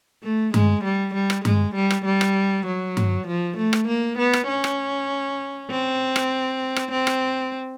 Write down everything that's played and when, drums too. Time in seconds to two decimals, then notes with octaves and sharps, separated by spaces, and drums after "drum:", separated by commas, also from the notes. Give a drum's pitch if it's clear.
0.24 A3
0.54 G#3, drum: tom G2
0.84 G3
1.14 G3
1.30 drum: rim click
1.45 G#3, drum: tom G2
1.75 G3
1.90 drum: rim click
2.05 G3
2.21 drum: rim click
2.67 F#3
2.97 drum: tom G2
3.27 F3
3.57 A3
3.73 drum: rim click
3.88 A#3
4.19 B3
4.33 drum: rim click
4.48 C#4
4.64 drum: rim click
5.70 C4
6.16 drum: rim click
6.76 drum: rim click
6.91 C4
7.07 drum: rim click